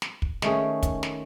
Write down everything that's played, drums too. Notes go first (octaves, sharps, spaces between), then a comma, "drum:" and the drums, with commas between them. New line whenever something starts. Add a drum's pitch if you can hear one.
drum: snare
drum: kick
D#3 A3 C#4 G#4, drum: snare
drum: kick, hi-hat
drum: snare